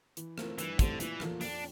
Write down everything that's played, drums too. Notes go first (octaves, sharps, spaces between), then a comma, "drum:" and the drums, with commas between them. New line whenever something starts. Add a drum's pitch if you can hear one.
E3, drum: hi-hat
A3 C4 F4 A#4, drum: rim click
G2 E3, drum: hi-hat
D3 E3 A3 C4 G4, drum: kick, hi-hat
A#2 E3, drum: hi-hat
F3 A#3 F4 A4, drum: rim click
F2 D4, drum: open hi-hat